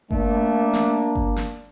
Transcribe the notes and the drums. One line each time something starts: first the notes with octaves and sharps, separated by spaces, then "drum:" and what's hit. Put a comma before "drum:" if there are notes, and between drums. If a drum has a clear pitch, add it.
A3 A#3 D4, drum: kick G1
drum: snare
drum: kick G1
drum: snare